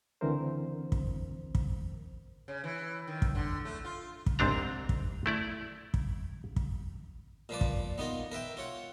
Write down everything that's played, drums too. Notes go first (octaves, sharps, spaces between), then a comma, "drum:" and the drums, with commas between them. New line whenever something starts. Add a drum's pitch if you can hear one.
C#2 D3 E3 C4 A#4 C5
drum: kick
drum: kick
C#3
E3
D#3
drum: kick
D3
A3
F4
drum: kick
C2 G#2 C4 D4 A#5
drum: kick
A3 E4 D5
drum: kick
drum: kick
A#2 F3 B4 D5
drum: kick
B3 D#4 F4 A#4
A#4 B4 E5 G5
F4 C#5 F#5